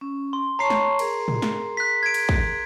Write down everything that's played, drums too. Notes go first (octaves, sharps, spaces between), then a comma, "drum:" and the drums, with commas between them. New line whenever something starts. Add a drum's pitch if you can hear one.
C#4
C6
C#5 A5 A#5 C#6 C7
drum: snare
G#4 A#4, drum: cymbal
drum: tom
drum: snare
F#6 B6
G#6 D7
drum: cymbal
drum: kick